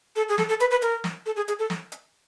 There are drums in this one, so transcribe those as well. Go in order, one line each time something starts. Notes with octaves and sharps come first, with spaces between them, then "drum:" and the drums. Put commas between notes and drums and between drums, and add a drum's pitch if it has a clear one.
A4
G#4
A4, drum: snare
A4
B4, drum: hi-hat
B4
A#4, drum: hi-hat
drum: snare
A4
G#4
G#4, drum: hi-hat
A4
drum: snare
drum: hi-hat